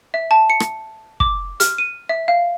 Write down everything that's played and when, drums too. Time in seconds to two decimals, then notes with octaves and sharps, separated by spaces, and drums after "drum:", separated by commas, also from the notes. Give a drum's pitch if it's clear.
0.14 E5
0.31 A5
0.50 C#7
0.60 drum: rim click
1.20 D6, drum: kick
1.60 F6, drum: hi-hat
1.78 D#7
2.09 E5
2.28 F5